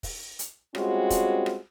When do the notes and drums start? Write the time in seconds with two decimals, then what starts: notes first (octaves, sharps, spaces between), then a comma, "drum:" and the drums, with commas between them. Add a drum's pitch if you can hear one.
0.03 drum: kick, open hi-hat
0.39 drum: hi-hat
0.75 G3 G#3 C4 C#4 F4 F#4, drum: rim click
1.10 drum: kick, hi-hat
1.46 drum: rim click